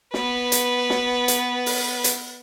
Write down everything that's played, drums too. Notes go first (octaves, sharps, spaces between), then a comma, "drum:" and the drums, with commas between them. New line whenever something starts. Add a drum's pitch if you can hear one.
B3 B4, drum: snare
drum: hi-hat
drum: snare
drum: hi-hat
drum: open hi-hat
drum: hi-hat